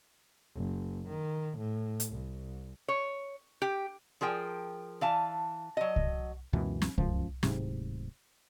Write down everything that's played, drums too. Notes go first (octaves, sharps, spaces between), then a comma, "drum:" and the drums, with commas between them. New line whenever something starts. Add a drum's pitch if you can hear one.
F#1
D#3
A2
drum: hi-hat
C2
C#5
G4
F3 G#4 A#4 G5
E3 F5 A5
F#3 D#5
drum: kick C2
C#2 F#2 B2 E3
drum: snare
C#2 F#2 F3, drum: kick C2
D1 G#2 C3, drum: snare